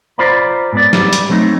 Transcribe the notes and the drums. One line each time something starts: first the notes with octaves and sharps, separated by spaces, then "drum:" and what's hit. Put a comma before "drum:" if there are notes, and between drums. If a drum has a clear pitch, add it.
F4 C5 D5 A#5 B5
G#2 B3 D5
G3, drum: snare
drum: hi-hat
F#3 A3 C4 D#4